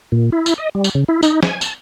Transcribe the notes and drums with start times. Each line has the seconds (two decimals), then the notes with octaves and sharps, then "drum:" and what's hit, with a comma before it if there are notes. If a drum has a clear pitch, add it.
0.12 A#2
0.32 E4
0.46 drum: tambourine
0.58 D#5
0.75 G3
0.84 drum: tambourine
0.95 C#3
1.08 E4
1.23 D#4, drum: tambourine
1.43 G#5, drum: snare
1.61 A5, drum: tambourine